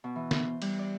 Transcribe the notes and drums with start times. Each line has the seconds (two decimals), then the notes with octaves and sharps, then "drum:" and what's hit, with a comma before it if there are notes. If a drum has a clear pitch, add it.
0.04 B2
0.16 E3
0.31 B3, drum: snare
0.45 C5
0.62 G3, drum: cymbal
0.79 D5